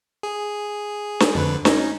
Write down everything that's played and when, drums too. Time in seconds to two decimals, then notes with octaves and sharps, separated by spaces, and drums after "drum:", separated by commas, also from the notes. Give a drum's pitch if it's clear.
0.23 G#4
1.20 drum: snare
1.35 F2 D3 B4
1.65 C#4 D#4, drum: snare